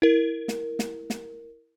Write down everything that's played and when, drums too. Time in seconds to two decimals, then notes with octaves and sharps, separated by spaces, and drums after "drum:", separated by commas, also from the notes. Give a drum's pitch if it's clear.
0.02 E4 A#4
0.48 drum: snare
0.79 drum: snare
1.10 drum: snare